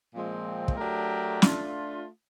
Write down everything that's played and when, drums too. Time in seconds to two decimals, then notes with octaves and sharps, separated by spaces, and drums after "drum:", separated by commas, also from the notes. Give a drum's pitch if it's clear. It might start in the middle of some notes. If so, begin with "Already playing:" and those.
0.13 A#2 F3 G#3 C4
0.68 drum: kick
0.77 F#3 A3 D4 G4 A#4
1.42 A3 D4 F4, drum: snare